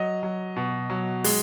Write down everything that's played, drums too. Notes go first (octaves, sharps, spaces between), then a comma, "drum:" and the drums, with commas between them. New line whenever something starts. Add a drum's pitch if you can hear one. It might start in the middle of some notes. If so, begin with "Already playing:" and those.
Already playing: F#3 D#5
F#3
B2
F#3
G#3, drum: open hi-hat